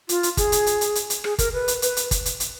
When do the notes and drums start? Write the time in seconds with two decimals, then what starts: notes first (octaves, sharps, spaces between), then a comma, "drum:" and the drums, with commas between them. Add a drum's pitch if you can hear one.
0.09 F4, drum: hi-hat
0.23 drum: hi-hat
0.37 G#4, drum: kick G1, hi-hat
0.52 drum: hi-hat
0.66 drum: hi-hat
0.81 drum: hi-hat
0.95 drum: hi-hat
1.10 drum: hi-hat
1.24 G#4, drum: rim click
1.39 A#4, drum: kick G1, hi-hat
1.53 B4
1.68 drum: hi-hat
1.82 B4, drum: hi-hat
1.97 drum: hi-hat
2.11 drum: kick G1, hi-hat
2.25 drum: hi-hat
2.40 drum: hi-hat